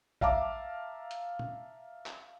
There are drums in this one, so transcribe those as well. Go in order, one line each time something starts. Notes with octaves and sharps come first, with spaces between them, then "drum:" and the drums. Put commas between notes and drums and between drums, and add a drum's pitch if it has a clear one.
E5 F5 A5 A#5 D6, drum: kick
drum: hi-hat
drum: tom
drum: clap